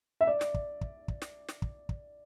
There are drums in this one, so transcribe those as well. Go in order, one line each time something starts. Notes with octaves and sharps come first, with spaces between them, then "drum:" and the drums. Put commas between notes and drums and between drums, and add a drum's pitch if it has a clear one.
E5
D5
drum: snare
drum: kick
drum: kick
drum: kick
drum: snare
drum: snare
drum: kick
drum: kick